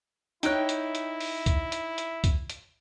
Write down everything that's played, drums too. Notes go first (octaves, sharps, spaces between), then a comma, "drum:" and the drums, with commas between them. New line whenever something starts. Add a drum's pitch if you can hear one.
D#4 E4 C#5 G5 F#6, drum: hi-hat
drum: hi-hat
drum: hi-hat
drum: open hi-hat
drum: kick C2, hi-hat
drum: hi-hat
drum: hi-hat
drum: kick C2, hi-hat
drum: hi-hat